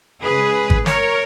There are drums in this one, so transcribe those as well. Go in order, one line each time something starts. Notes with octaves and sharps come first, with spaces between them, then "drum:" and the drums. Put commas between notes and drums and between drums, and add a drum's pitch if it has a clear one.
C#3 G#3 G#4 B4
drum: kick G#1
A#4 C#5, drum: snare